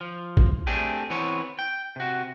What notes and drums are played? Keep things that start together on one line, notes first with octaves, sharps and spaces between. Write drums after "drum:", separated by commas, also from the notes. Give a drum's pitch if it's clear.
F3
drum: kick
A3 C4 D4 G4 G#4
E3 B3 C4 C#5
G5
C3 F#4